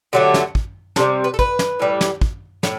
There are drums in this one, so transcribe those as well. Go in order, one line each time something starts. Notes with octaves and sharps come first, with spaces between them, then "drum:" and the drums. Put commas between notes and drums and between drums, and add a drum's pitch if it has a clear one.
D3 F#3 A3 G4
drum: snare
drum: kick
C3 G3 A4, drum: snare
B4
A4
B4, drum: kick
drum: snare
A2 E3 G3
drum: snare
drum: kick
A2, drum: snare